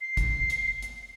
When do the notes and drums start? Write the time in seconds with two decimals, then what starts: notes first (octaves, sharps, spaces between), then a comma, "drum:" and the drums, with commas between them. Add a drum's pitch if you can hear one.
0.01 C7
0.17 drum: kick, hi-hat
0.50 drum: hi-hat
0.82 drum: hi-hat